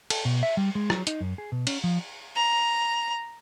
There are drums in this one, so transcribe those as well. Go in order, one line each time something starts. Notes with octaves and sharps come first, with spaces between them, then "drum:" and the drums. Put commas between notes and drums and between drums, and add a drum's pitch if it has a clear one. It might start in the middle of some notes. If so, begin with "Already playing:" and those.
A4, drum: cymbal
B2
E5
G3
G#3
F#3, drum: rim click
D#4, drum: hi-hat
F#2
G#4
B2
C#4, drum: cymbal
F3
A#5